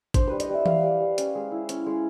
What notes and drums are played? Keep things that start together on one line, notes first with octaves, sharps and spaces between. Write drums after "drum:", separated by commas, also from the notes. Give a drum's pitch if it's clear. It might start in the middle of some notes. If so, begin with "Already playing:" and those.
D4 C5, drum: kick A1, hi-hat
G3 B4
D#5, drum: hi-hat
G3 E5
G3 F5, drum: tom E3
G3
G3
C#4, drum: hi-hat
G#3
E4
C#4, drum: hi-hat
G#3